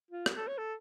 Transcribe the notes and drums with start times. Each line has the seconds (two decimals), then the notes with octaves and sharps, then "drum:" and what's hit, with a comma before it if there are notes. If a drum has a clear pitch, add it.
0.11 F4
0.26 drum: rim click
0.37 A4
0.48 C#5
0.58 A4